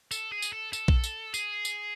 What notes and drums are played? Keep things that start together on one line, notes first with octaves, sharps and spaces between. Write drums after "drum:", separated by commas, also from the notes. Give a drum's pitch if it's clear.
A4, drum: tambourine
G#4
drum: tambourine
A4
A4, drum: tambourine
drum: kick A#1
drum: tambourine
G#4, drum: tambourine
drum: tambourine